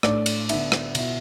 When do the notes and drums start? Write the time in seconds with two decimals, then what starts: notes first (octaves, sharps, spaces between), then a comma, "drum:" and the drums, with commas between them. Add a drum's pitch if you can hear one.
0.03 A2 A3 D4 D5, drum: rim click
0.26 drum: cymbal
0.49 D3 B3 D4 E5, drum: cymbal
0.72 drum: rim click
0.95 B2 B3 E4, drum: cymbal